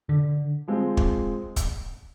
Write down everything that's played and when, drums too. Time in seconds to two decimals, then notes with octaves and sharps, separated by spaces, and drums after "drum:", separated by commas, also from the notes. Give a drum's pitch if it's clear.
0.09 D3
0.68 F3 G#3 C4
0.97 drum: kick
1.56 drum: kick, hi-hat